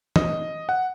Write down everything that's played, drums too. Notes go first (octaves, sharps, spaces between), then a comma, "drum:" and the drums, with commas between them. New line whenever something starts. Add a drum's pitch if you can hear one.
D#5, drum: tom D#3
F#5